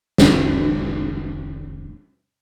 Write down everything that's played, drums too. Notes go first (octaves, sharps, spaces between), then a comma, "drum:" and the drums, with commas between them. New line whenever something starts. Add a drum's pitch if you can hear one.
D1 A1 E2 D#3, drum: snare